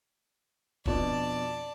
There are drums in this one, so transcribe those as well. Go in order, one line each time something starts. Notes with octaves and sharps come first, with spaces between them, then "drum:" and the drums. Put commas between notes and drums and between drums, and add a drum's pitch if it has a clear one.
F2 B2 D4 D5 A5, drum: kick